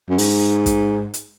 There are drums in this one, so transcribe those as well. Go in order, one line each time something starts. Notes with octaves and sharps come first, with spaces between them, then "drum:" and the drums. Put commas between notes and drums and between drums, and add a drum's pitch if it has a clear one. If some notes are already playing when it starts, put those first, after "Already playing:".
F#2
G#2, drum: open hi-hat
drum: kick, hi-hat
drum: hi-hat